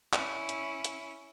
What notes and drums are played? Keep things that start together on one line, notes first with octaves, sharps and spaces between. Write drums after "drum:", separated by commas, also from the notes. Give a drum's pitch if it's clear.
C#4 E4, drum: clap
drum: hi-hat
drum: hi-hat